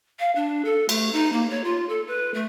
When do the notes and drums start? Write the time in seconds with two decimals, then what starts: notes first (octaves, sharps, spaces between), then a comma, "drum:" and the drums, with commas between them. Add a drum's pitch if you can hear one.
0.20 F5
0.36 D4
0.65 A4
0.89 A3, drum: cymbal
1.13 D#4
1.33 A#3
1.50 C#5
1.64 F4
1.89 A4
2.07 B4
2.34 A3